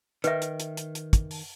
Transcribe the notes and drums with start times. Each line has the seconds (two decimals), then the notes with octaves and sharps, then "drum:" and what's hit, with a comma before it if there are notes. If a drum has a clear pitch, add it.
0.24 D#3 B4 E5, drum: hi-hat
0.42 drum: hi-hat
0.60 drum: hi-hat
0.77 drum: hi-hat
0.95 drum: hi-hat
1.13 drum: kick, hi-hat
1.31 drum: open hi-hat